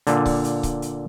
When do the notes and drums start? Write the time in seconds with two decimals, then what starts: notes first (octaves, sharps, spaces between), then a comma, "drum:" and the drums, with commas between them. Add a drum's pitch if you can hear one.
0.07 A#2 D3, drum: hi-hat
0.26 drum: kick C#1, open hi-hat
0.44 drum: hi-hat
0.63 drum: kick C#1, hi-hat
0.82 drum: hi-hat